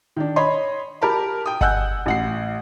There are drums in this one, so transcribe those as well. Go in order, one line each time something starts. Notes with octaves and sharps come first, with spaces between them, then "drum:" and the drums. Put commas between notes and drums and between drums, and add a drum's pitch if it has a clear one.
D#3 D4
C#5 D#5 B5 C6
G4 A#4 A5 B5
G5 D#6
D#5 F#5 G#5 E6 F#6 G6, drum: kick G1
A1 F#5 C7